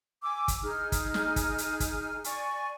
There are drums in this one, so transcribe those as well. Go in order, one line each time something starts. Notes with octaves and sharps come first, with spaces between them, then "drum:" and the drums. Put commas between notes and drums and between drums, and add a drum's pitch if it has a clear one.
G#5 D6 E6
drum: kick, hi-hat
D#4 G#4 F6
drum: kick, hi-hat
drum: snare
drum: kick, hi-hat
drum: hi-hat
drum: kick, hi-hat
D5 G#5 C#6, drum: hi-hat